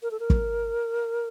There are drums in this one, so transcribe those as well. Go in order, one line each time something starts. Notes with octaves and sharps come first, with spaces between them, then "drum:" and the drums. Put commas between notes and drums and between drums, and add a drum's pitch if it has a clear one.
A#4
A4
A#4
drum: kick